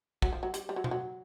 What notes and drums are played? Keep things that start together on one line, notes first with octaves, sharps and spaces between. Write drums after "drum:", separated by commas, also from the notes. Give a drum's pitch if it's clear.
F#3, drum: kick
F3
F#3
G3, drum: hi-hat
G3
F#3
F3, drum: tom B2
F#3